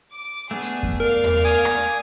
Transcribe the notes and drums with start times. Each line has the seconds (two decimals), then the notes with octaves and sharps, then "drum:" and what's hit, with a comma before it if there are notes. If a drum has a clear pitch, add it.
0.12 D6
0.51 A3 B3 D4 G#4
0.63 drum: hi-hat
0.83 drum: kick F2
1.00 A#4 D5 F5
1.24 drum: tom E2
1.45 G#5 D#6, drum: hi-hat
1.65 drum: rim click